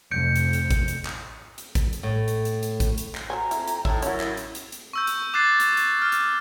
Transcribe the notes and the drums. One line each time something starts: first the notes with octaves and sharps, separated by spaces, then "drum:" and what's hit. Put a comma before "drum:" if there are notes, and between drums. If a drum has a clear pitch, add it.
F1 F2 G6 C#7 D7
drum: hi-hat
drum: hi-hat
drum: kick, hi-hat
drum: hi-hat
drum: clap
drum: hi-hat
drum: kick, hi-hat
drum: hi-hat
A2
drum: hi-hat
drum: hi-hat
drum: hi-hat
drum: kick, hi-hat
drum: hi-hat
drum: clap
F#4 C5 G#5 A#5
F2 E4, drum: hi-hat
drum: hi-hat
A2 D#4 E5, drum: kick
F#2 C#4 E4 F#4, drum: hi-hat
drum: clap
drum: hi-hat
drum: hi-hat
drum: hi-hat
C#6 E6 G6
drum: hi-hat
D6 F#6 A6 C7
drum: hi-hat
drum: hi-hat
F6
drum: hi-hat